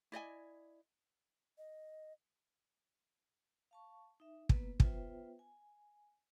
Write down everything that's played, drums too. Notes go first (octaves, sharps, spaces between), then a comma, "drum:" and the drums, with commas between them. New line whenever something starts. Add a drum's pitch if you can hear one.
E4 D5 D#5 G#5
D#5
F5 A5 C#6
D#4 E5
A#3 B3 B4, drum: kick
B3 F4 B4 C5 E5 G5, drum: kick
G#5